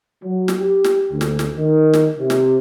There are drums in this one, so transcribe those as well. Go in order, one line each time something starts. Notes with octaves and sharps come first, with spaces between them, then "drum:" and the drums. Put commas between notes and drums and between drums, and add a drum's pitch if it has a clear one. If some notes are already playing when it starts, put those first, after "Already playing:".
F#3
drum: snare
G4
drum: snare
D2
drum: snare
drum: snare
D#3
drum: snare
C3
drum: snare